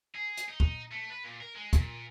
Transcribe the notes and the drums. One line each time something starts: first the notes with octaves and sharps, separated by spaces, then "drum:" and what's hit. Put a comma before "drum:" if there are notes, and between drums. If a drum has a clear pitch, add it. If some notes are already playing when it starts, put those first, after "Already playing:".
G#4
drum: hi-hat
D#4
drum: kick
A3
B4
A#2
A#4
G#3
A#2, drum: kick, hi-hat